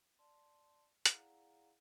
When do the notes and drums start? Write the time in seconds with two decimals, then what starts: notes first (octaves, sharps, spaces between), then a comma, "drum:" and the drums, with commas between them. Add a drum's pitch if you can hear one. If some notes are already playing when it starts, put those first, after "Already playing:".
0.19 D5 A5 C6
1.06 E4 G#4 D5 F5 F#5 A#5, drum: hi-hat